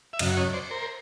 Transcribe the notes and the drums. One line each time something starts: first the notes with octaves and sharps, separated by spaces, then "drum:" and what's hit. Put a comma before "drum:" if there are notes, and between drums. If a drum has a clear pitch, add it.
E5
F#2 C#3 F#3 D#5 F5, drum: cymbal
C#5 D#5
C5 D5
A#4 C5